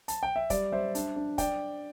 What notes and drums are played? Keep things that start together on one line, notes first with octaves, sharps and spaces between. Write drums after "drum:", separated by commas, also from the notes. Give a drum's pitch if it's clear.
A5, drum: hi-hat
G5
E5
G3 D5, drum: kick, hi-hat
G3 C5 E5
D4, drum: hi-hat
D4
D5 G5, drum: kick, hi-hat